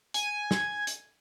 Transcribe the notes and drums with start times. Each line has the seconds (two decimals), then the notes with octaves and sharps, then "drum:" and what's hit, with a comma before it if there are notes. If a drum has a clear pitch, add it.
0.14 G#5, drum: hi-hat
0.51 drum: snare
0.87 drum: hi-hat